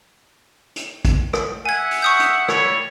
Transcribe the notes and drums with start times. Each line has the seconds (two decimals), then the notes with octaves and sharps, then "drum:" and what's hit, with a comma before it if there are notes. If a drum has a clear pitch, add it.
0.76 drum: hi-hat
1.05 drum: kick, hi-hat
1.33 drum: rim click
1.65 E5 F#5 G#5 G#6
1.91 drum: open hi-hat
2.02 C#6 D#6 G6
2.20 drum: hi-hat
2.48 G3 E4 C#5, drum: rim click